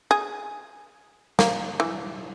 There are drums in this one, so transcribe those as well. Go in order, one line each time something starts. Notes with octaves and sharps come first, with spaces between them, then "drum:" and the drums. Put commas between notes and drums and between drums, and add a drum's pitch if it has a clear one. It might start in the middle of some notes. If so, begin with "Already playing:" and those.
G#4
A#3, drum: snare
E3